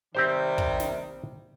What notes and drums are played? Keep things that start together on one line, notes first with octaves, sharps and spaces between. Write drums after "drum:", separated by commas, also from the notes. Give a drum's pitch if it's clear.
C3 D#3 G3 C4 G4 C5
drum: kick
drum: snare